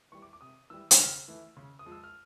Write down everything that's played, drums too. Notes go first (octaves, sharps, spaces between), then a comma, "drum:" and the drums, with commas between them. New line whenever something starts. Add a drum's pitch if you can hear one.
E3 G3 C#6
D6
D6
C3 D#6
E3 G3 E6
E6, drum: hi-hat
C#3 F6
E3 A3
C#3
D#6
F3 G#3
E6
F6